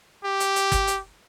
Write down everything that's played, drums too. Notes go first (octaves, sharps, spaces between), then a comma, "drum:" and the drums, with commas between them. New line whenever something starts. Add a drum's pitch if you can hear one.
G4
drum: hi-hat
drum: hi-hat
drum: kick, hi-hat
drum: hi-hat